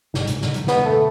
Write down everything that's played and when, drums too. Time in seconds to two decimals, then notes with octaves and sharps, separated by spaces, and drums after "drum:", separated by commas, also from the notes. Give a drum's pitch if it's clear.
0.14 G2 B2, drum: snare
0.27 A2 C3, drum: hi-hat
0.41 B2 D3, drum: snare
0.54 D3 F#3, drum: hi-hat
0.67 B2 D3 B3, drum: snare
0.86 A3